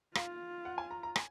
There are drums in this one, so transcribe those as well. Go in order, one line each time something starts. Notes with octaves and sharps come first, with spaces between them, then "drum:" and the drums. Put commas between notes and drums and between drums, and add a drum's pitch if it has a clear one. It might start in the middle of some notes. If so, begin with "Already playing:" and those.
F4 F5, drum: rim click
F#5
G#5
A#5
A#5
G#5, drum: rim click